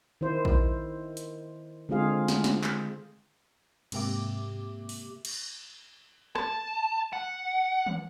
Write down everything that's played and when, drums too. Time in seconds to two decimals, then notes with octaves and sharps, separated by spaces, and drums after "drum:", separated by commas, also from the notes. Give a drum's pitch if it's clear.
0.21 D#3 E4 C5
0.45 drum: kick A#1
1.17 drum: hi-hat
1.89 D3 G#3 C4 F4 G#4 F5
2.28 drum: snare
2.44 drum: snare
2.64 drum: clap
3.92 G#2 C3 A#3 G4 E5 D6, drum: cymbal
4.89 drum: open hi-hat
5.25 drum: cymbal
6.35 A5, drum: rim click
7.13 F#5
7.86 drum: tom D#3